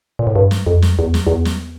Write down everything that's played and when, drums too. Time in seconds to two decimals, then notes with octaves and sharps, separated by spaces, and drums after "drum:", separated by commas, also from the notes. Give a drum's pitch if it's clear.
0.19 A#2
0.27 A2
0.36 G2
0.51 drum: snare
0.66 F2
0.82 drum: snare
0.99 E2
1.14 drum: snare
1.27 E2
1.45 drum: snare